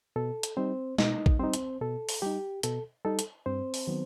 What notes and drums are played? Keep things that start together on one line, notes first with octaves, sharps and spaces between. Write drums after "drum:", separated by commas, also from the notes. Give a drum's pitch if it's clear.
B2 A4
drum: hi-hat
G3 C4 D#4 C5
B2 D#4 D#5, drum: snare
drum: kick
G3 C4 D#4 C5
drum: hi-hat
B2 A4
drum: open hi-hat
G3 D#4 G4
B2 A4, drum: hi-hat
G3 D#4 A4
drum: hi-hat
G2 C4 C5
drum: open hi-hat
D#3 F#3 B3